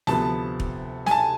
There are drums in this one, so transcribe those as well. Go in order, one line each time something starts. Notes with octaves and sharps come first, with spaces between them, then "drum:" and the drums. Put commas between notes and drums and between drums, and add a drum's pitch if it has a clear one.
D2 C3 F3 B3 A5, drum: snare
drum: kick
G#5, drum: snare
A5